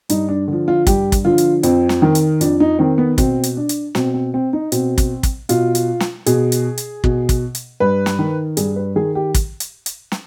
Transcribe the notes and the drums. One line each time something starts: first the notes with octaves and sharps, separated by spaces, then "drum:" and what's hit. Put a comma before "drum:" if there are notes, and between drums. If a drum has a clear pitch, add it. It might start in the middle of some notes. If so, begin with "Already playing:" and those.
G2 D#4, drum: hi-hat
D4
D3 F3
F4
G2 G4, drum: kick, hi-hat
drum: kick, hi-hat
D3 F3 F4
drum: hi-hat
F2 C4, drum: hi-hat
drum: snare
D#3
drum: hi-hat
F2 D4, drum: hi-hat
D#4
D#3 C4
B3
B2 C4, drum: kick, hi-hat
drum: hi-hat
D4
drum: hi-hat
B2 C4, drum: snare
C4
C4
D#4
B2 C4, drum: hi-hat
drum: kick, hi-hat
drum: kick, hi-hat
B2 F4, drum: hi-hat
drum: hi-hat
drum: snare
B2 G#4, drum: hi-hat
drum: hi-hat
drum: hi-hat
B2, drum: kick
drum: kick, hi-hat
drum: hi-hat
G2 B4
drum: snare
D#3
G2 G#4, drum: hi-hat
B4
D#3 G#4
G4
drum: kick, hi-hat
drum: hi-hat
drum: hi-hat
drum: snare